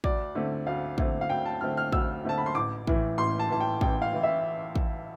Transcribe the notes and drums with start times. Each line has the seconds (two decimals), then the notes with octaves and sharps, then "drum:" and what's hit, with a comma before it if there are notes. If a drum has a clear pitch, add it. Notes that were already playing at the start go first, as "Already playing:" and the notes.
0.04 D2 D5, drum: kick
0.35 D3 A3 C4
0.67 D2 F5
0.98 D3 A3 C4, drum: kick
1.21 F5
1.30 D2 G5
1.46 A5
1.61 D3 A3 C4 F6
1.77 F6
1.92 D2 E6, drum: kick
2.24 D3 A3 C4 A5
2.37 B5
2.46 C6
2.55 A1 D6
2.87 A2 E3, drum: kick
3.18 A1 C6
3.39 A5
3.50 A2 E3 A5
3.60 G5
3.81 A1 G5, drum: kick
4.02 F5
4.12 A2 E3
4.23 E5
4.76 drum: kick